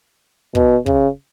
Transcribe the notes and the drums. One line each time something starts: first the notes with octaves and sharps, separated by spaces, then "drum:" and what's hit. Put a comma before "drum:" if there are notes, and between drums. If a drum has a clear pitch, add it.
B2, drum: kick
C#3, drum: kick